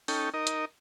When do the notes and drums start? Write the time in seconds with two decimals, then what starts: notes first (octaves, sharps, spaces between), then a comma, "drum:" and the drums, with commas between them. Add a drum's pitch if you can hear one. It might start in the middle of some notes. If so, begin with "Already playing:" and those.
0.08 C#4 D#4 A4 G5, drum: open hi-hat
0.34 D#4 A#4 D#5
0.47 drum: hi-hat